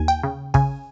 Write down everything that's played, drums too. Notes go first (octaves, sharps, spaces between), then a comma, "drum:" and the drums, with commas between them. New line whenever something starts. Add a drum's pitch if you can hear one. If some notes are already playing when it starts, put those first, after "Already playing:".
Already playing: D#2 G#5
G5
C#3
C#3 G#5, drum: kick